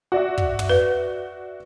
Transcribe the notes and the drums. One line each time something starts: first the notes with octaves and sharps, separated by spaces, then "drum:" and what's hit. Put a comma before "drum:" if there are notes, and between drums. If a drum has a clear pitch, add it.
F#4 D5 E5
drum: kick
drum: tom
B4